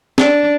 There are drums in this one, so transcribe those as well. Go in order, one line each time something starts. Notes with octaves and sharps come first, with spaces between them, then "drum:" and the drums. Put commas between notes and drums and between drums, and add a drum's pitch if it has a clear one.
D4, drum: snare